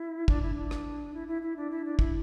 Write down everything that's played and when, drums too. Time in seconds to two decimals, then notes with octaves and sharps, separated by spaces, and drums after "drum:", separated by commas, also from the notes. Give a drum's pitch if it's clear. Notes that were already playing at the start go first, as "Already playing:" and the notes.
Already playing: E4
0.28 D4, drum: kick
0.42 E4
0.55 D4
0.71 drum: rim click
1.14 E4
1.28 E4
1.42 E4
1.56 D4
1.71 E4
1.85 D4
1.99 E4, drum: kick